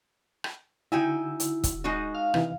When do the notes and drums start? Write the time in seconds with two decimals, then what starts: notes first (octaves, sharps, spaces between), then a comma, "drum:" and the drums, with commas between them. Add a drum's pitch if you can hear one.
0.44 drum: rim click
0.92 D3 D#4 E4 F#4 G5 G#5 E6
1.40 drum: hi-hat
1.64 drum: kick E1, hi-hat
1.84 G#3 D#4 F#4
2.15 F5
2.34 C3 E3 D#4, drum: rim click